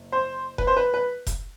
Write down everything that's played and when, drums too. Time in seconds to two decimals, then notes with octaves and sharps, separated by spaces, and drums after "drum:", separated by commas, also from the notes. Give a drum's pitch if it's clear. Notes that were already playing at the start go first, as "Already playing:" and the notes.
Already playing: F#1
0.12 C5
0.58 B4, drum: kick F1
0.67 C5
0.77 B4
0.94 B4
1.27 drum: kick F1, hi-hat